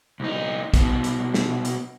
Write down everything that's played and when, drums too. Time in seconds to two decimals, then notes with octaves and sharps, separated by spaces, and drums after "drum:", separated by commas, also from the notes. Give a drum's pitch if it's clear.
0.20 C2 D#4
0.74 C2 B2, drum: kick, hi-hat
1.04 drum: hi-hat
1.34 drum: snare
1.65 drum: hi-hat